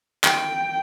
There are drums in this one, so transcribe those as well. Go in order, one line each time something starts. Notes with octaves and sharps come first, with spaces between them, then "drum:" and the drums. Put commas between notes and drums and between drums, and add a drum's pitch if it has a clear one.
G5, drum: clap